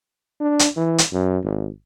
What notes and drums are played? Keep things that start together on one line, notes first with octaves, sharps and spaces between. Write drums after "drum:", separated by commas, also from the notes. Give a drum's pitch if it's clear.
D4
drum: hi-hat
E3
drum: hi-hat
F#2
G#1